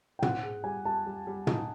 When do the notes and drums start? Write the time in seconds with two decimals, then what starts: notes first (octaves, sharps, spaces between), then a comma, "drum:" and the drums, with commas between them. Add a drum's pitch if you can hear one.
0.19 G5
0.22 C4 F#5, drum: tom
0.43 G#4
0.64 G3 G#5
0.85 G3 A5
1.06 G3
1.27 G3
1.47 D#4, drum: tom